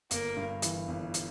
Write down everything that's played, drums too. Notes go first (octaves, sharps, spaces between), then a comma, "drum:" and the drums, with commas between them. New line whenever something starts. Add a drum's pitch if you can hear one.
G1 A#3, drum: hi-hat
G2
E3, drum: hi-hat
G1
drum: hi-hat